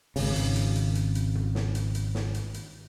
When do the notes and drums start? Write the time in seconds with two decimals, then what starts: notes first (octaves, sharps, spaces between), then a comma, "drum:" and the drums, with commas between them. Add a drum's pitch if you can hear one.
0.16 G#1 C#3, drum: open hi-hat
0.36 drum: hi-hat
0.56 drum: hi-hat
0.75 drum: hi-hat
0.95 drum: hi-hat
1.15 drum: hi-hat
1.35 drum: tom
1.55 drum: snare
1.75 drum: hi-hat
1.95 drum: hi-hat
2.15 drum: snare
2.34 drum: hi-hat
2.54 drum: hi-hat